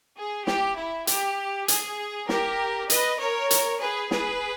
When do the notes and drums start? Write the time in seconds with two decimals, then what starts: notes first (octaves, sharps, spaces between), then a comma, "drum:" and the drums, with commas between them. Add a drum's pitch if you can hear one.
0.17 G#4
0.47 G4, drum: snare
0.77 E4
1.07 G4, drum: hi-hat
1.68 G#4, drum: hi-hat
2.29 G4 A#4, drum: snare
2.90 B4 D#5, drum: hi-hat
3.20 A#4 C#5
3.51 drum: hi-hat
3.80 G#4 B4
4.11 G#4 B4, drum: snare